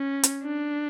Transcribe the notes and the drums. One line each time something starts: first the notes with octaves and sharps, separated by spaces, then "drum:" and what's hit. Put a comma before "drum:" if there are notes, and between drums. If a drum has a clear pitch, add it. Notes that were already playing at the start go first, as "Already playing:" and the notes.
Already playing: C#4
drum: hi-hat
D4